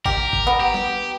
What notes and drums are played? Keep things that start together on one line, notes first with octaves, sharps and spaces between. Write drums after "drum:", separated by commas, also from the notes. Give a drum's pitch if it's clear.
G4 A#4, drum: kick G1
drum: kick G1
B3
G4
drum: snare